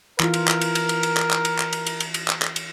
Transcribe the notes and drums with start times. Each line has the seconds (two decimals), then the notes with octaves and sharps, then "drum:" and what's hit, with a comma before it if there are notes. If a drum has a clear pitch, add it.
0.20 E3 F4 A#4, drum: clap
0.34 drum: cymbal
0.47 drum: clap
0.61 drum: cymbal
0.75 drum: cymbal
0.89 drum: cymbal
1.03 drum: cymbal
1.17 drum: clap
1.31 drum: clap
1.45 drum: cymbal
1.59 drum: clap
1.73 drum: cymbal
1.86 drum: cymbal
2.00 drum: cymbal
2.14 drum: cymbal
2.28 drum: clap
2.42 drum: clap
2.56 drum: cymbal